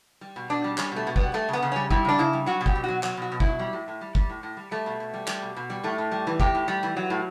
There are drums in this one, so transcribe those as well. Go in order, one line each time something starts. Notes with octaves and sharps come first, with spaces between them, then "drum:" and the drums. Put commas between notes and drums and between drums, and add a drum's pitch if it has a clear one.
G3
B2
B2 D4
G3
G3 C#4, drum: clap
B2 A3
B2
G3 B3, drum: kick
G3 A3
C#3 B3
C#3
G3 C#4
G3 E4, drum: kick
C#3 D4
C#3 E4
G3
F#3 F#4
B2
G4, drum: kick
B2
F#3 F#4
F#3, drum: clap
B2 F#4
B2
E4, drum: kick
F#3
G3
A2
A2
G3
G3, drum: kick
A2
A2
G3
G3 A3
B2
B2
G3
G3, drum: clap
B2
B2
G3
A2 A3
A2
G3
E3
A2 G4, drum: kick
A2
G3
E3
F#3
A2